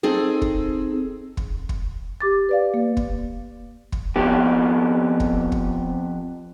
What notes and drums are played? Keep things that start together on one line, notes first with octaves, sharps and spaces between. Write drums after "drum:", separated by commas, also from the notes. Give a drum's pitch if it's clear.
C4 D#4 G#4 A4
drum: kick
drum: kick
drum: kick
G4 D6 A6
B4 D5 F5
A#3
drum: kick
drum: kick
F2 B3 G4
drum: kick
drum: kick